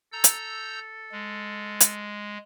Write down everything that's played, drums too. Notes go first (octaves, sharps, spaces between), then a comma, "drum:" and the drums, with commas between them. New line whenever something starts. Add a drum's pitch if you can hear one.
A4 A#5 E6 G6
drum: hi-hat
G#3
drum: hi-hat